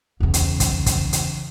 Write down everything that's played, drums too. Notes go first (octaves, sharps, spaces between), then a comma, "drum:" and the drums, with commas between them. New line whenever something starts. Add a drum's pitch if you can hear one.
E2 C#3
drum: hi-hat
drum: kick, hi-hat
drum: kick, hi-hat
drum: hi-hat